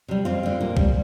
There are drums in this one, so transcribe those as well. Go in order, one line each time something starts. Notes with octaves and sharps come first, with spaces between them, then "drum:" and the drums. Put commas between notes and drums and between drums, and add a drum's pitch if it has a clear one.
C3 G3
F2 C4 F4
D3 G3
A#2
G3, drum: kick B1